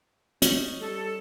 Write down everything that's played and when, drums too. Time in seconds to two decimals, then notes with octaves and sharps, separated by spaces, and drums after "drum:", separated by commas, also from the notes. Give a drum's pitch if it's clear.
0.42 C4 C#4 D#4, drum: hi-hat
0.80 G3 A4